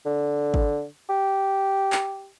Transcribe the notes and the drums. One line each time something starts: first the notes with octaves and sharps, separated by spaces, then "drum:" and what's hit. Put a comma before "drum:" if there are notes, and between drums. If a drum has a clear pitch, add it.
D3
drum: kick G#1
G4
drum: clap